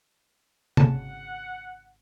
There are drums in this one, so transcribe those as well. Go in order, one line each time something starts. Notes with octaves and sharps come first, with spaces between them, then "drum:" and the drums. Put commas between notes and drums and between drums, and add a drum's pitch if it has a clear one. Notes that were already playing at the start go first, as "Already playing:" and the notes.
G#1 C#3 F#5 A5, drum: tom C3